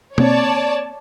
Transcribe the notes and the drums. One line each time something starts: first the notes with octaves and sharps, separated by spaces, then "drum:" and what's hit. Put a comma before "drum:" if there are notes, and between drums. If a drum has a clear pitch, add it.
A#3 C4 C#5 D5 A5, drum: tom B2